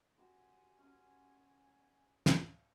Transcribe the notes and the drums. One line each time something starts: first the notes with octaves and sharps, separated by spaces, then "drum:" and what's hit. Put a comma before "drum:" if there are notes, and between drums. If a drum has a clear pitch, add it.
F#4 G4 C5 G#5
C#4 C6
drum: snare